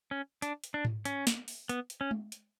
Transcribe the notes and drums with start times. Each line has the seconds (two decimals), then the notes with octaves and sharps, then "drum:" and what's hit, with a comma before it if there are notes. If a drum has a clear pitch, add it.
0.11 C#4
0.42 D4, drum: hi-hat
0.64 drum: hi-hat
0.74 D4
0.85 drum: tom G#2
1.05 C#4, drum: hi-hat
1.27 drum: snare
1.48 drum: open hi-hat
1.69 B3, drum: hi-hat
1.90 drum: hi-hat
2.01 C#4
2.11 drum: tom
2.32 drum: hi-hat